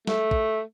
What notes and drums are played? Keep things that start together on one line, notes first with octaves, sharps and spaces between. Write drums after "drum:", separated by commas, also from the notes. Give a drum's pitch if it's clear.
A3, drum: snare
drum: kick